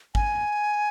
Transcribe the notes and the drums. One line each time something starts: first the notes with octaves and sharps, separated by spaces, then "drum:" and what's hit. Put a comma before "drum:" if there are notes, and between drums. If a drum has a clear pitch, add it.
G#5, drum: kick G#1